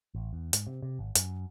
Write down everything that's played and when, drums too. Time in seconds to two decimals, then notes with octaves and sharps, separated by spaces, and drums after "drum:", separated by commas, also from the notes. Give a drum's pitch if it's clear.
0.15 A1
0.33 E2
0.53 G#2, drum: hi-hat
0.67 C3
0.82 C3
0.99 G#1
1.15 F#2, drum: hi-hat